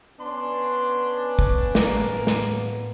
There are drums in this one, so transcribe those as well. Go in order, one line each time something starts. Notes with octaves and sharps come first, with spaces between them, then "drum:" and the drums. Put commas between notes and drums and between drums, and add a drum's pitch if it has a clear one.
B3 C#4 D4 C6
drum: kick
A2 A#3, drum: snare
drum: snare